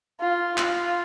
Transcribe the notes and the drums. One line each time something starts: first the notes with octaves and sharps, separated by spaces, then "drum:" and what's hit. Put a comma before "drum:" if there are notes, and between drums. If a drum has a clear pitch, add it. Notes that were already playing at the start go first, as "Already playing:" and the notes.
F4
F4, drum: clap